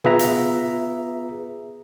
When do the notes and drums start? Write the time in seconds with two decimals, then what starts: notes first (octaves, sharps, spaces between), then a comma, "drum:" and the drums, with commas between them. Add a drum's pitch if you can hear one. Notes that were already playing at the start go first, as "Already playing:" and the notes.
0.04 B3 F4 G#4 B4 E5 A#5, drum: tom A#2
0.19 drum: hi-hat